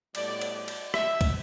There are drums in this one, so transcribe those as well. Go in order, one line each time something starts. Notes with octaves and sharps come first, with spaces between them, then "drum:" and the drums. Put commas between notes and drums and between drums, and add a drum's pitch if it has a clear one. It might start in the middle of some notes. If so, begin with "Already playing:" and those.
A2 G3 B3 D5, drum: cymbal
drum: cymbal
D5
drum: cymbal
E5, drum: rim click
drum: kick, cymbal